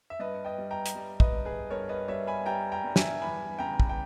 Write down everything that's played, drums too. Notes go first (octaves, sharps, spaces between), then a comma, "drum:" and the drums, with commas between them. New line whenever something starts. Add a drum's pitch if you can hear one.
E5
G2 B4 D#5
D#5 G5
G3
G5 A#5
drum: hi-hat
G3
B4 D#5, drum: kick
G2
G#4 B4
G2 A#4 C#5
B4 D#5
G3 C#5 E5
G#5 B5
G3 G5 A#5
G5 A#5
G2
E5 G#5, drum: snare
E2 G#5 B5
C#3 G5 A#5
drum: kick
G5